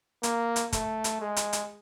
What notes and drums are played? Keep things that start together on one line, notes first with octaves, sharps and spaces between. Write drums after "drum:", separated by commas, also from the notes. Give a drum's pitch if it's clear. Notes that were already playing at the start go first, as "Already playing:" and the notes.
A#3, drum: hi-hat
drum: hi-hat
A3, drum: kick, hi-hat
drum: hi-hat
G#3
drum: hi-hat
drum: hi-hat